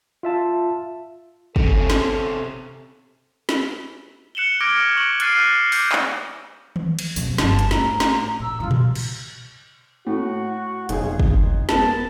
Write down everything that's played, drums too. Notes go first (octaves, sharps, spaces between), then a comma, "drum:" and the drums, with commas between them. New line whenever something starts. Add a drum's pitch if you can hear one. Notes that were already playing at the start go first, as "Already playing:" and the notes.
F4 E5 A5
C3 C#4 A4, drum: kick
drum: snare
drum: snare
F#6 C#7 E7 F#7 G7
D6 F6 G#6 A#6 D7 G7
C#6 D7 F#7
F6 F#6 A6 C7 D7 D#7, drum: hi-hat
D6 G6, drum: open hi-hat
drum: clap
drum: tom D#3
drum: cymbal
F2 B2, drum: tambourine
D1 G1 A5, drum: snare
drum: hi-hat
A2 A#5, drum: snare
drum: snare
A#2 E6
G1 E3 F4
drum: tom A#2
drum: cymbal
A2 F#4
F1 B1 C#3 G#4, drum: hi-hat
drum: kick
G#3 B3 A#4 A5, drum: snare